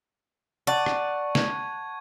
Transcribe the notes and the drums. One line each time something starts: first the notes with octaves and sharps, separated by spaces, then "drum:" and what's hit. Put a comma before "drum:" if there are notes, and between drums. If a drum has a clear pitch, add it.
D5 F#5 A5 C#6
drum: rim click
G#6, drum: snare